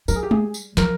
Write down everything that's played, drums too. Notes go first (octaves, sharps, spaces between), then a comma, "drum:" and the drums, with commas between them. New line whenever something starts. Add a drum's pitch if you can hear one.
G3 A#4, drum: tambourine
G#4
G4
G#4, drum: tom G#3
drum: tambourine
F3 A#4, drum: snare